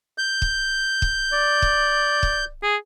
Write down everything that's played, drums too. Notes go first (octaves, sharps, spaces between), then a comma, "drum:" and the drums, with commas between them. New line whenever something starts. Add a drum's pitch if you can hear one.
G6
drum: kick
drum: kick
D5
drum: kick
drum: kick
G#4